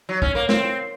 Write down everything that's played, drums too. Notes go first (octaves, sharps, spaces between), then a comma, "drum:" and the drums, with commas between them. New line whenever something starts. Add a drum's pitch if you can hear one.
F#3
C#4, drum: kick
A#3
C4, drum: snare